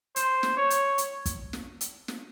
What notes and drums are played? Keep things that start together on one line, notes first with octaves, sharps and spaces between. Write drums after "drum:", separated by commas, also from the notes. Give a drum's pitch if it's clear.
C5, drum: hi-hat
drum: snare
C#5
drum: hi-hat
drum: hi-hat
drum: kick, hi-hat
drum: snare
drum: hi-hat
drum: snare